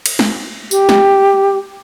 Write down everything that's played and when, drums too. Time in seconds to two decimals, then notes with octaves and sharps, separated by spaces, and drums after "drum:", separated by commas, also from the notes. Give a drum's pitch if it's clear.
0.06 drum: cymbal
0.19 drum: snare
0.71 G4, drum: tambourine
0.89 drum: snare